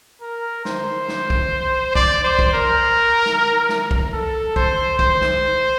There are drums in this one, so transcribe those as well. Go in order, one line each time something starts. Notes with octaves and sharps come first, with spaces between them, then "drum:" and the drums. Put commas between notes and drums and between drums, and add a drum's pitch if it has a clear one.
A#4
C5, drum: snare
drum: snare
drum: kick
D5, drum: kick
C5
drum: kick
A#4
drum: snare
drum: snare
drum: kick
A4
C5, drum: kick
C5, drum: kick
drum: snare